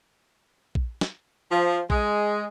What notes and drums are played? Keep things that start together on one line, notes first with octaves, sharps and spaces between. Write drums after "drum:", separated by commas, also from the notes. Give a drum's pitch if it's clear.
drum: kick
drum: snare
F3
G#3, drum: kick